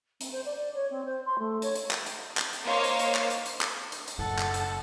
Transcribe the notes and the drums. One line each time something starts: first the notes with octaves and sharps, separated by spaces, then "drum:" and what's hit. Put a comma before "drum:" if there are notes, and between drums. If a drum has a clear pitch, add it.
C4, drum: hi-hat
C5
D5
D5
C#5
C4
C5
C6
A3
C#5, drum: hi-hat
drum: hi-hat
drum: clap
drum: hi-hat
drum: clap
drum: hi-hat
A#3 C5 C#5 D#5 F5
drum: hi-hat
drum: hi-hat
drum: clap
drum: hi-hat
drum: hi-hat
drum: clap
drum: hi-hat
drum: hi-hat
F#1 F#2 A2 A4 F#5
drum: clap
drum: hi-hat